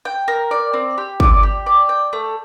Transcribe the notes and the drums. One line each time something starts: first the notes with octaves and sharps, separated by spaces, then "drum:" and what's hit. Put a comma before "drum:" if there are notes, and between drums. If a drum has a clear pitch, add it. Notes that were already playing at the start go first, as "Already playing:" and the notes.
G5
A#4
D5
C4
G4
D5, drum: kick
G4
D5
G5
A3